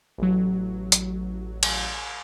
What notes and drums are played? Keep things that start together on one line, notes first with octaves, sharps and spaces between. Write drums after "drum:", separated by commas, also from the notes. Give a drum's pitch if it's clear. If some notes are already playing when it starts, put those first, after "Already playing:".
A1 F#3
drum: hi-hat
drum: cymbal